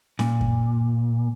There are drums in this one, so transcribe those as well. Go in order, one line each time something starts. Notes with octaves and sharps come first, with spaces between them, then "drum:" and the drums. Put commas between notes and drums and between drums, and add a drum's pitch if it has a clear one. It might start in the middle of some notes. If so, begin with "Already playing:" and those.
A#2, drum: snare C#4
drum: kick F#2